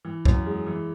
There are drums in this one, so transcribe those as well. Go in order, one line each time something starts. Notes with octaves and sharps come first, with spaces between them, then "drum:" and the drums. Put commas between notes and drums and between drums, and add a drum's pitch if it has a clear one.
E3
F#2, drum: kick
G#3
E3